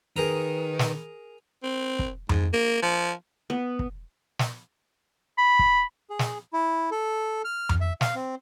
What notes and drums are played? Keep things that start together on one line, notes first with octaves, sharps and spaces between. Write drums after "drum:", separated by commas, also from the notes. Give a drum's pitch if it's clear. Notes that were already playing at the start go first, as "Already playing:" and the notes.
D#3 G#4 A#4 B4 A#5
drum: snare
C4
drum: kick
G#2, drum: tom F2
A#3
F3
B3
drum: kick
drum: snare
B5
drum: kick
G#4
drum: snare
E4
A4
F6
drum: tom F2
E5
F5, drum: snare
C4